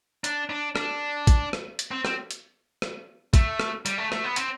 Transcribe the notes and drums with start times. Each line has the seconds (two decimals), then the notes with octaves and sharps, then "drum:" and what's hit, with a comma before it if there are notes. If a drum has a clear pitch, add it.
0.24 D4, drum: hi-hat
0.50 D4
0.76 D4, drum: rim click
1.27 drum: kick, hi-hat
1.53 drum: rim click
1.79 drum: hi-hat
1.91 C4
2.05 C4, drum: rim click
2.31 drum: hi-hat
2.82 drum: rim click
3.34 A3, drum: kick, hi-hat
3.60 drum: rim click
3.86 G3, drum: hi-hat
3.98 A3
4.12 A3, drum: rim click
4.24 B3
4.36 C4, drum: hi-hat